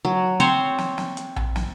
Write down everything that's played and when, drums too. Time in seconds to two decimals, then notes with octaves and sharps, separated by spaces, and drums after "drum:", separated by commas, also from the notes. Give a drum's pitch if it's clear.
0.05 F#3
0.40 C4 C5 C#5, drum: hi-hat
0.78 drum: snare
0.98 drum: snare
1.17 drum: hi-hat
1.36 drum: tom A#1
1.56 drum: snare